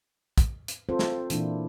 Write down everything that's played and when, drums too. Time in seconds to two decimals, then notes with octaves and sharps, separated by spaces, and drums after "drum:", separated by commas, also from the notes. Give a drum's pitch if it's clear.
0.38 drum: kick, hi-hat
0.68 drum: hi-hat
0.89 C4 F4 A4 C5
0.99 drum: snare
1.30 A#2 E3 A#3 D4 E4, drum: hi-hat